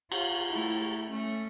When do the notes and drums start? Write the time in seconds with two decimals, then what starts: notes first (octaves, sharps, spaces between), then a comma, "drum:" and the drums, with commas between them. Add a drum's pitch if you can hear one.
0.12 F4, drum: cymbal
0.52 A3 E4
1.09 A3 C#4